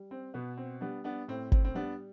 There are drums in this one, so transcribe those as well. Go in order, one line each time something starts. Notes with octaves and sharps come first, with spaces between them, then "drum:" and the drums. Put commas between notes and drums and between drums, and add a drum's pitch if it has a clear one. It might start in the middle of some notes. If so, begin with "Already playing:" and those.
Already playing: G3
C4
B2 B3
C4
G3 B3 D4
B3 D4
A2 C4
C4, drum: kick G1
C4
G3 B3 D4